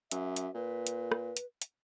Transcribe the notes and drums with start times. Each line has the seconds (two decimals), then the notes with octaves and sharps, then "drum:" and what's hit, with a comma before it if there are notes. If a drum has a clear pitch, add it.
0.11 F#2 E5, drum: hi-hat
0.36 drum: hi-hat
0.55 A#2 B4
0.87 drum: hi-hat
1.12 drum: rim click
1.37 drum: hi-hat
1.62 drum: hi-hat